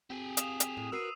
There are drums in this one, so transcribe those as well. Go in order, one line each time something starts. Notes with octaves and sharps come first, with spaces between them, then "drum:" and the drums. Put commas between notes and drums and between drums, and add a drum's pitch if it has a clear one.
C4 G4 G#4
F5 D#6 E7 F7, drum: hi-hat
drum: hi-hat
A2
F#4 A#4 B4 E6 C7 D#7